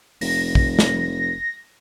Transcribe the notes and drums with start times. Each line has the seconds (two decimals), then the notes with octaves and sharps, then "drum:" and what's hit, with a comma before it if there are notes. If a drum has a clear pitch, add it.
0.21 F1 A#6, drum: open hi-hat
0.55 drum: kick
0.79 drum: snare